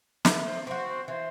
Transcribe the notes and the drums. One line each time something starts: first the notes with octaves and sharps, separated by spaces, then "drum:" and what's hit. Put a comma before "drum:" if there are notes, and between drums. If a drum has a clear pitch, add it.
A3 C5, drum: snare
B4
C5
C4 F#4 C5
C5
E3 C5